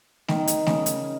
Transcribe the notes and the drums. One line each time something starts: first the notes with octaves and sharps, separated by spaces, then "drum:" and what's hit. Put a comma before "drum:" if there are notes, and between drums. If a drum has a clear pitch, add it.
D#3, drum: snare A3
drum: hi-hat
C#3, drum: snare A3
drum: hi-hat